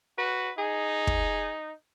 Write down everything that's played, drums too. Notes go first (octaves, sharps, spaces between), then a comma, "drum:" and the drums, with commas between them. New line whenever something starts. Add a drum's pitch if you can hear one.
F#4 B4
D#4 G#4
drum: kick